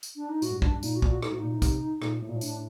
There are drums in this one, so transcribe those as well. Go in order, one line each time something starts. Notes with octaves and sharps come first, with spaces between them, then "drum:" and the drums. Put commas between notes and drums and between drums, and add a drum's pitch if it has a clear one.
drum: tambourine
D4
D#4
A2 F#4, drum: tambourine
G2
F#2
G2 D4, drum: kick
A#2 D#4, drum: tambourine
F#4
A#2, drum: kick
F#4
D#4, drum: rim click
A2 F#4
A#2 D#4
A2
C3, drum: kick, tambourine
A#2, drum: rim click
A2
A#2
A2
D4, drum: tambourine